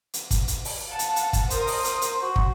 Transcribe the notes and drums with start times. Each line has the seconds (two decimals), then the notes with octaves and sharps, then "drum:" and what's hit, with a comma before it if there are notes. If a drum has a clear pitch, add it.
0.14 drum: hi-hat
0.31 drum: kick, hi-hat
0.48 drum: hi-hat
0.65 drum: open hi-hat
0.87 F5 F#5 A5
0.99 drum: hi-hat
1.16 drum: hi-hat
1.33 drum: kick, hi-hat
1.50 A#4 C5 D#6, drum: hi-hat
1.67 drum: open hi-hat
1.84 drum: hi-hat
2.02 drum: hi-hat
2.22 F#4 C5
2.36 drum: kick